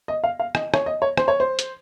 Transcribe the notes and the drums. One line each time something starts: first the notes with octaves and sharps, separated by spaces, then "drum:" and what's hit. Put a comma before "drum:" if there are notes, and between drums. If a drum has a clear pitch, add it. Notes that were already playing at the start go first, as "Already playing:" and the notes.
D#5
F5
F5
D#5, drum: rim click
C#5, drum: rim click
D#5
C#5
C5, drum: rim click
C#5
C5
drum: hi-hat